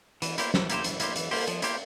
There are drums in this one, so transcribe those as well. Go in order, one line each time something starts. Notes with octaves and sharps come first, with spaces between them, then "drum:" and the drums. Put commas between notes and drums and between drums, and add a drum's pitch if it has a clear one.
E3, drum: hi-hat
A#3 E4 G4 C5, drum: hi-hat
E3, drum: snare
A#3 E4 G4 C5, drum: hi-hat
E3, drum: hi-hat
A#3 E4 G4 C5, drum: hi-hat
E3, drum: hi-hat
A#3 E4 G4 C5, drum: open hi-hat
F3, drum: hi-hat
A#3 E4 G4 C5, drum: hi-hat